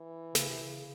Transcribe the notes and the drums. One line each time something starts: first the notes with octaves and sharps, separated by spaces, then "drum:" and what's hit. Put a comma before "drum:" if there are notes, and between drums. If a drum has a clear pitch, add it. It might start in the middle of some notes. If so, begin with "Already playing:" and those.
Already playing: E3
C#3, drum: snare
C3
C#3